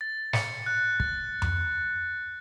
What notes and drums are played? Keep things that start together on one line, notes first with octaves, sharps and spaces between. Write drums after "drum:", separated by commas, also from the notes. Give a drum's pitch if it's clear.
A6
C#7, drum: snare
F#6
A6, drum: kick
drum: tom F2